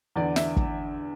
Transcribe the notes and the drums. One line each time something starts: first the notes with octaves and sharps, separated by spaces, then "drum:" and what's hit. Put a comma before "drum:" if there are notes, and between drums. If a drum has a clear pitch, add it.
E2 D3 D5
E5, drum: snare
drum: kick